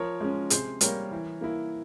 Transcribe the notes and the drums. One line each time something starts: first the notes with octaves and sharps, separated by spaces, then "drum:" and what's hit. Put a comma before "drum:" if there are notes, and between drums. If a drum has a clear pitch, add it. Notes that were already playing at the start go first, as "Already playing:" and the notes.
Already playing: F3 A#4 C#5
G#3 C#4
C3 G#4 C5, drum: hi-hat
G3 A#3 A#4 C#5, drum: hi-hat
E3
A#3 E4